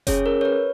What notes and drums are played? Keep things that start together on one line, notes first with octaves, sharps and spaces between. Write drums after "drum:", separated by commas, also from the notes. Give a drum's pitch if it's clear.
C#4 G#4 C#5, drum: kick F1, hi-hat
A#4
C#5
B4